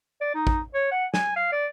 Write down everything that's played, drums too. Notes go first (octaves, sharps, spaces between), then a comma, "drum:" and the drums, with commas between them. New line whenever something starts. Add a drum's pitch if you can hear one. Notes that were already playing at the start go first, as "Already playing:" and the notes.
D5
D#4
drum: kick A1
C#5
F#5
G#5, drum: snare
F5
D5